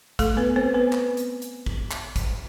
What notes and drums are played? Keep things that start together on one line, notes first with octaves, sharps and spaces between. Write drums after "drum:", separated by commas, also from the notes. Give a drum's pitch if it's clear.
A3 A4, drum: kick, hi-hat
B3 B4
C4 C5
B3 B4
drum: clap
drum: hi-hat
drum: hi-hat
drum: kick
drum: clap
drum: kick, hi-hat